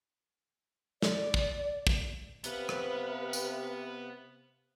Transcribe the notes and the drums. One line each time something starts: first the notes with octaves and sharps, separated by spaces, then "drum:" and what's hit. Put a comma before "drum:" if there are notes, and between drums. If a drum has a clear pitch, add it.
D5, drum: snare
drum: kick
drum: kick
C3 B3 B4 F5, drum: hi-hat
drum: rim click
drum: tambourine